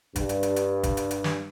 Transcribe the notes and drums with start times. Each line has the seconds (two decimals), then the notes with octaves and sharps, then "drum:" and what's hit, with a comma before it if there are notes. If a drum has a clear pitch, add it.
0.16 G2, drum: kick, hi-hat
0.29 drum: hi-hat
0.43 drum: hi-hat
0.56 drum: hi-hat
0.83 drum: kick, hi-hat
0.97 drum: hi-hat
1.11 drum: hi-hat
1.24 drum: snare